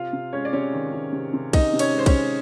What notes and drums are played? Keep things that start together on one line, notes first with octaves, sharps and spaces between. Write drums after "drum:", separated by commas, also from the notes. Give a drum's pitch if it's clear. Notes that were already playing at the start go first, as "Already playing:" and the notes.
Already playing: C3 F4 F5
C3
G#3 C#4 C#5
D5
C3 C#4 C#5
D#3
C3
C3
C3
C3 D#4 D#5, drum: kick, cymbal
C3
C#4 C#5, drum: cymbal
G#3 C5
C#4 C#5, drum: kick, cymbal
G#3